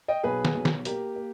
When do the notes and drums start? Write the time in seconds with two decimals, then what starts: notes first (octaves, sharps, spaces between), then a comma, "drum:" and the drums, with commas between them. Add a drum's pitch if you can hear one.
0.08 D#5 G5
0.23 B1 G#4 B4
0.45 drum: snare
0.55 B1
0.65 drum: snare
0.85 A#3 G4 A#4, drum: hi-hat
1.16 A#3